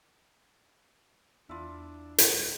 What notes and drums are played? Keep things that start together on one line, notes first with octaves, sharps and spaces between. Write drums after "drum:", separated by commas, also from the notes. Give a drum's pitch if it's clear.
E2 D4 E4 F4
D1 D3 G3, drum: hi-hat